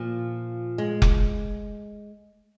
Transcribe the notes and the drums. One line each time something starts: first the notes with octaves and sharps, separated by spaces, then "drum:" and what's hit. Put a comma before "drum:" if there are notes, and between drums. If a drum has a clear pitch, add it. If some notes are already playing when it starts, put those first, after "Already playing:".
Already playing: A#2 F3
G#3
drum: kick F1